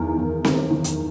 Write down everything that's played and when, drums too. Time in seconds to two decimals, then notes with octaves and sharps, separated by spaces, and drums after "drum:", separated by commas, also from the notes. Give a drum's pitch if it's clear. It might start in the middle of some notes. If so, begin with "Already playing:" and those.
Already playing: E2 D#3 A#4
0.18 E2
0.45 D#3, drum: snare C4
0.71 D#3
0.84 drum: hi-hat